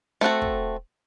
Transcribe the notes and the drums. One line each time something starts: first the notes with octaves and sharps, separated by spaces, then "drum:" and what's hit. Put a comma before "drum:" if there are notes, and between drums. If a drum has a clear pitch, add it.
A3 C4 F#4 A4
drum: kick